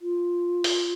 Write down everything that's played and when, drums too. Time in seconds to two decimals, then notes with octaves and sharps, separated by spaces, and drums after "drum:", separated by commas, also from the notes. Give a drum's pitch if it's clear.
0.02 F4
0.64 drum: open hi-hat